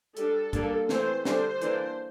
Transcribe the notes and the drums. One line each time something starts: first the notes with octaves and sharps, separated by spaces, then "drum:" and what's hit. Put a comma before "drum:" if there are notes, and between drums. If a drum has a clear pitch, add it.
G3 D4 A4, drum: hi-hat
G3 A#3 D4, drum: kick, hi-hat
E3 A3 C4 C5, drum: snare
D3 G3 D4 C5, drum: snare
E3 A#3 D4, drum: hi-hat